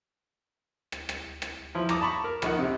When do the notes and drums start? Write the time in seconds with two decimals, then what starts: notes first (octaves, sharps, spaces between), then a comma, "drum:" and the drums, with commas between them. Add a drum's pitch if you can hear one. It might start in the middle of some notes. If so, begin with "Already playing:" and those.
0.92 drum: rim click
1.09 drum: rim click
1.42 drum: rim click
1.75 F3 E4
1.89 A#5 D6 D#6, drum: rim click
2.01 A5 B5 C#6
2.24 A#4
2.42 A#1 D#3 F#5, drum: rim click
2.59 C3